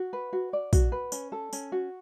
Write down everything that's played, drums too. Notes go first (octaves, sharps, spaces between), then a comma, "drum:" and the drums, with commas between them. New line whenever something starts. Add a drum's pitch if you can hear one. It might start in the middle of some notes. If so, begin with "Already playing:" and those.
Already playing: F#4
B4
F#4
D5
F#4, drum: kick A#1, tambourine
B4
C#4, drum: tambourine
A4
C#4, drum: tambourine
F#4